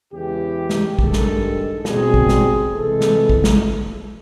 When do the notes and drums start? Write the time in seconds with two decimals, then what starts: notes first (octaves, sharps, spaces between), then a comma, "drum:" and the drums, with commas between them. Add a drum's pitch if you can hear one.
0.12 E2 C#3 E3 G#3 G4
0.69 drum: snare
0.99 G2 D#3 G#3 A4, drum: kick
1.13 drum: snare
1.85 B2 G3 C4 G#4, drum: snare
2.14 drum: kick
2.28 drum: snare
2.72 C3 E3 G#3 A4
3.01 drum: snare
3.29 drum: kick
3.44 drum: snare